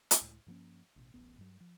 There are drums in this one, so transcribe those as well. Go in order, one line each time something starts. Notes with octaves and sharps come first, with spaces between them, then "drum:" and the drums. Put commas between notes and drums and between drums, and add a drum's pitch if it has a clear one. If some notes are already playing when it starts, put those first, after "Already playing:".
drum: hi-hat
C#2 A2
G2 F3 A#3 C#4
A1 B2
D1 A1 B3
G2 F#3
F3